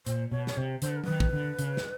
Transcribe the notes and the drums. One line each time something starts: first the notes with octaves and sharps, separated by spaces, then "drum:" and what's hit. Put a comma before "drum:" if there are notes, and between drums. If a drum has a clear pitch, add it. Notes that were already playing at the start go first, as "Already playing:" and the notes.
A#2 C5, drum: hi-hat
B2 C#5
C#5, drum: snare
C3 C5
D3 C5, drum: hi-hat
B4
A#4
D#3 B4, drum: tom F#3
drum: kick
D3
C#3, drum: hi-hat
drum: snare